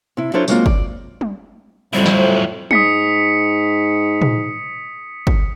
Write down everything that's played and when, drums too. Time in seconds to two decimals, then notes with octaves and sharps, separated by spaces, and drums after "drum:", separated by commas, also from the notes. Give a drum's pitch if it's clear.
0.17 C3 E4
0.33 F#3 D4 E4 F4 A4 C5
0.48 F#3 G#3 A#3 C4 F4, drum: tambourine
0.66 D5, drum: kick
1.21 drum: tom
1.93 F2 A2 F#3 G3 E4 C5
2.06 drum: snare
2.71 G#2 D#6 B6 C#7, drum: tom
4.21 drum: tom
5.27 drum: kick